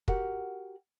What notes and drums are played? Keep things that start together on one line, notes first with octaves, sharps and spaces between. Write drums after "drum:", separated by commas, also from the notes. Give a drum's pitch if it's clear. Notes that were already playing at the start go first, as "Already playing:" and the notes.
F#4 G4 A#4 F#5, drum: kick